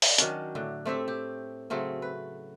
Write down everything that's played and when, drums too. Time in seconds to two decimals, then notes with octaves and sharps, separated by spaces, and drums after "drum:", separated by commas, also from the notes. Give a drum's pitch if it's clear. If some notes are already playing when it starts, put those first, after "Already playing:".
0.02 drum: open hi-hat
0.18 D#3 F#3 C#4 D4, drum: hi-hat
0.55 A2 D3
0.86 A3 C4 G4 E5
1.08 G4
1.70 C#3 F#3 A3 C4
2.02 B4